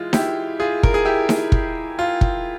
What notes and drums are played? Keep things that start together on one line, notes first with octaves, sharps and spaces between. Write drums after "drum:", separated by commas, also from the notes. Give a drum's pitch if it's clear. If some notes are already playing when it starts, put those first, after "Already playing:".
Already playing: E3 G#3 F4
E4 G4, drum: snare D#4
F4 G#4
A#4, drum: kick
G#4
E4 G4
drum: snare D#4
drum: kick
F4
drum: kick